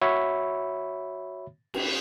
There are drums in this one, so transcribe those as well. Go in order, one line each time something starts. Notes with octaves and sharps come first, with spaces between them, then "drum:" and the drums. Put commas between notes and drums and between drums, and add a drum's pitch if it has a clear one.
F#4 C#5 E5 B5
drum: cymbal